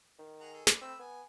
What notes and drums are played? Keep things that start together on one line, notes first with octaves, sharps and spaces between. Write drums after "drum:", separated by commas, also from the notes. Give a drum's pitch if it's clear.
D#3
G#4 F#5 A#5
G#4 A4
B4 D5, drum: snare
A3 C4 B5 E6
B3 G#5